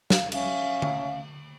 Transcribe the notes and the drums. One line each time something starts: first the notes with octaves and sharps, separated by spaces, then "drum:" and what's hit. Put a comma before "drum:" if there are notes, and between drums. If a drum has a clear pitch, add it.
F5, drum: snare
C#4 E5 F5, drum: cymbal
drum: tom D3